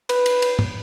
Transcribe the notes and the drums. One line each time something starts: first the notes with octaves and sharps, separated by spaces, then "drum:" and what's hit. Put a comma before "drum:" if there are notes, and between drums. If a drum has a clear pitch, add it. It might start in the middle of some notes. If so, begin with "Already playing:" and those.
B4, drum: cymbal
drum: cymbal
drum: cymbal
drum: tom